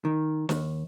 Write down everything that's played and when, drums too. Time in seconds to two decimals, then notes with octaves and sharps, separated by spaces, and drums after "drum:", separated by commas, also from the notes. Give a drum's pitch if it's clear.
0.05 D#3
0.49 D#2, drum: snare